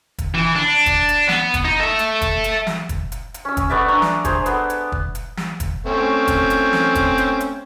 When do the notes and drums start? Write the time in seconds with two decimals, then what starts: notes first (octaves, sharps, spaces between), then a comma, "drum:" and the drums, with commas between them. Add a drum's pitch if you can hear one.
0.18 drum: kick, hi-hat
0.35 E3
0.55 D4
0.86 drum: kick, hi-hat
1.09 drum: hi-hat
1.28 B3, drum: snare
1.54 drum: kick, hi-hat
1.65 D#4
1.80 A4 E5
1.99 drum: hi-hat
2.22 drum: kick, hi-hat
2.44 drum: hi-hat
2.67 drum: snare
2.89 drum: kick, hi-hat
3.12 drum: hi-hat
3.34 drum: hi-hat
3.45 C#4 E6
3.57 drum: kick, hi-hat
3.70 A3 B3 D5 E5
3.88 D4 A#5
4.02 drum: snare
4.25 G#4 C5, drum: kick, hi-hat
4.46 B3 A4, drum: hi-hat
4.70 drum: hi-hat
4.92 drum: kick
5.15 drum: hi-hat
5.37 drum: snare
5.60 drum: kick, hi-hat
5.86 A3 C4 C#4
6.28 drum: kick, hi-hat
6.50 drum: hi-hat
6.73 drum: snare
6.95 drum: kick, hi-hat
7.18 drum: hi-hat
7.40 drum: hi-hat